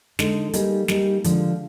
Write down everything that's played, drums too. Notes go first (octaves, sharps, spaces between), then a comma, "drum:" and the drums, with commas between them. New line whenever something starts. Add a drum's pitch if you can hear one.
D3 G#3 D#4, drum: snare
G3 A#3 D#4 G#4, drum: hi-hat
G3 A#3 D#4 G#4, drum: snare
D3 F3 G#3, drum: hi-hat